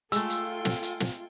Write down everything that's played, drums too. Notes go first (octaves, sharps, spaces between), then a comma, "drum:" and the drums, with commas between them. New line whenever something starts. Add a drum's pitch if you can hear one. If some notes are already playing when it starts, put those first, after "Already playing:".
G#3 A3 F4 A4 G5 G#5 E6, drum: hi-hat
drum: hi-hat
drum: snare
drum: hi-hat
drum: snare